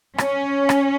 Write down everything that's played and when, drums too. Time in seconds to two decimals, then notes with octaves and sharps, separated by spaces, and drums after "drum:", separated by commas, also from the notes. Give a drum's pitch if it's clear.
0.18 C#4, drum: rim click
0.69 drum: rim click